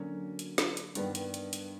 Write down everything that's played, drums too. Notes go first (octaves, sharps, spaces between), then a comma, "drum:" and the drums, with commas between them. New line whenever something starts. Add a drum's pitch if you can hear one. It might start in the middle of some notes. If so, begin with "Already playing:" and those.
Already playing: D3 F#3 A#3 C#4
drum: hi-hat
drum: snare
drum: hi-hat
G2 D#3 G3 B3 D4, drum: hi-hat
drum: hi-hat
drum: hi-hat
drum: hi-hat